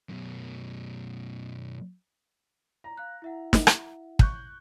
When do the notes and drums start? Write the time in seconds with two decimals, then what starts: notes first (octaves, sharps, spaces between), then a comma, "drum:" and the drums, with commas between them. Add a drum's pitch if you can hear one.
0.09 F#2 B2
2.84 A#5
2.97 F5 F#6
3.22 E4 E5 F#5
3.53 drum: snare
3.67 drum: rim click
4.19 C#6 F#6 G6, drum: kick